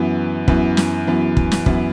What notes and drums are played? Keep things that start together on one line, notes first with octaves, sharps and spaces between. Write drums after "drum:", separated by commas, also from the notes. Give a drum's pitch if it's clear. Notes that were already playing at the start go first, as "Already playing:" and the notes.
Already playing: F#2 E3 B3
F#2 E3 B3, drum: kick
drum: snare
F#2 E3 B3
drum: kick
drum: snare
F#2 E3 B3, drum: kick